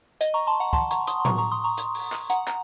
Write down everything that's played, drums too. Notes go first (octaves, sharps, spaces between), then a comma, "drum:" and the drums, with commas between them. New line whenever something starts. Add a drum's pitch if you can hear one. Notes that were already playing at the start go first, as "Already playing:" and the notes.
D#5, drum: hi-hat
A#5 C#6
A5 C6
F#5 A#5
A5 C6, drum: kick
A#5 C#6, drum: hi-hat
C6 D#6, drum: hi-hat
C6
A#5 C#6, drum: tom A2
A#5 C#6
C6 D#6
A#5 C#6
drum: hi-hat
drum: open hi-hat
drum: clap
F#5 A#5, drum: hi-hat
A#5, drum: clap